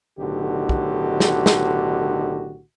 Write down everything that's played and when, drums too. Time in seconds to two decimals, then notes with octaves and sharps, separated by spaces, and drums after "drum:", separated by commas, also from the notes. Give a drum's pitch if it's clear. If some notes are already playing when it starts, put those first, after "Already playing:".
0.18 B1 A2 D3 D#3 F#4 G4
0.69 drum: kick
1.20 drum: snare
1.46 drum: snare